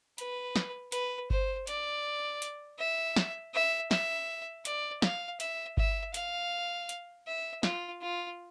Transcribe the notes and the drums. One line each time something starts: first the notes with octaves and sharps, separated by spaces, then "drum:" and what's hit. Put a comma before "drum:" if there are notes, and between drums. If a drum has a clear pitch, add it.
B4, drum: hi-hat
drum: snare
B4, drum: hi-hat
C5, drum: kick G1
D5, drum: hi-hat
drum: hi-hat
E5
drum: snare
E5
E5, drum: snare
D5, drum: hi-hat
F5, drum: snare
E5, drum: hi-hat
E5, drum: kick G1
F5, drum: hi-hat
drum: hi-hat
E5
F4, drum: snare
F4